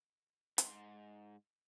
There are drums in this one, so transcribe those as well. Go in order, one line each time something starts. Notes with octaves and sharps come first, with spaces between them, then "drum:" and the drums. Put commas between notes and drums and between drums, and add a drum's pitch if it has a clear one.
G#2 C6, drum: hi-hat